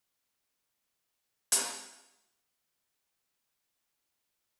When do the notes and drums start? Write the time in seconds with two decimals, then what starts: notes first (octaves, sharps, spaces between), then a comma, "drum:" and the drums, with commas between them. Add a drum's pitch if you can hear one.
0.20 B5 C#6 D6 G6 G#6 B6
1.52 drum: hi-hat
2.45 E5
2.58 A#4
2.78 A5
2.92 C#5
3.16 B3
3.39 F5
3.56 D4
3.81 G4
4.00 D#5
4.41 A5